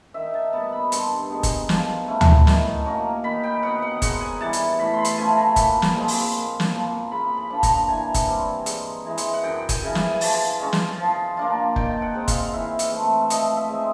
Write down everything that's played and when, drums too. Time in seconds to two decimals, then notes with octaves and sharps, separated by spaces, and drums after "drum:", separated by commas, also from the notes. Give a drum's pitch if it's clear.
0.14 D#3 E5
0.34 A5
0.53 G3 B3 A5
0.72 B5
0.92 G2 C6, drum: hi-hat
1.30 D#3 G#3 B3
1.43 drum: kick, hi-hat
1.69 F3, drum: snare
2.08 A3 C#4 E4
2.21 drum: tom D2
2.47 D#3, drum: snare
2.86 F#3 A#3 C#4
3.24 D#3 B5
3.43 G5
3.63 F#3 B3 F#5
3.82 F#5
4.02 G#2 F#5, drum: kick, hi-hat
4.21 G#5
4.41 E3 G3 A5
4.53 drum: hi-hat
4.79 A2 B5
4.94 B5 C6
5.05 drum: hi-hat
5.17 F3 A3 C#4 G#5
5.37 A#5
5.56 A#2 B5, drum: kick, hi-hat
5.82 drum: snare
5.96 F3 G#3 C4
6.08 drum: open hi-hat
6.34 A#2
6.60 drum: snare
6.72 F3 A#3
7.11 C#3 B5
7.37 B5
7.50 F3 A#3 D4
7.63 A#5, drum: kick, hi-hat
7.89 E3 G#5
8.14 drum: kick, hi-hat
8.27 G3 C4
8.66 G#2, drum: hi-hat
9.05 E3 G#3
9.18 drum: hi-hat
9.34 F#5
9.43 F#2 G5
9.69 G#5, drum: kick, hi-hat
9.82 C#3 E3
9.95 G#5, drum: snare
10.13 G#5
10.21 F3 A5, drum: open hi-hat
10.60 G#3 C#4
10.73 drum: snare
10.98 F3
11.37 A#3 D4 F4
11.76 D#3 G5, drum: kick
12.02 F#5
12.14 G#3 C4
12.28 F5, drum: kick, hi-hat
12.53 E3 E5
12.79 drum: hi-hat
12.92 A3 C4
13.21 E5
13.30 F3 D#5, drum: hi-hat
13.57 E5
13.69 G#3 C4 D#4